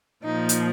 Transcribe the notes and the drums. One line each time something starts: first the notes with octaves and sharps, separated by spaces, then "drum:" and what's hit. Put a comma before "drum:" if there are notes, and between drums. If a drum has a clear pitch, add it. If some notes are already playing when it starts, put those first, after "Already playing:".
A#2 F3 D#4
drum: hi-hat